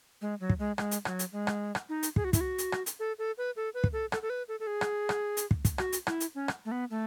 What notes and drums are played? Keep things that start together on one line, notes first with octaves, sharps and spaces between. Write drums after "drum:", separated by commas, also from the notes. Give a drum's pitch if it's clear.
G#3
F#3
drum: kick
G#3
G#3, drum: rim click
drum: hi-hat
F#3, drum: rim click
drum: hi-hat
G#3
drum: rim click
drum: rim click
D#4
drum: hi-hat
G#4, drum: kick
F#4
E4, drum: kick, hi-hat
F#4
drum: hi-hat
drum: rim click
drum: hi-hat
A4
A4
B4
A4
B4
drum: kick
A4
A4, drum: rim click
A4
B4
A4
A4
G#4
drum: rim click
drum: rim click
drum: hi-hat
drum: kick
drum: kick, hi-hat
F#4, drum: rim click
drum: hi-hat
E4, drum: rim click
drum: hi-hat
C#4
drum: rim click
A3
B3
A3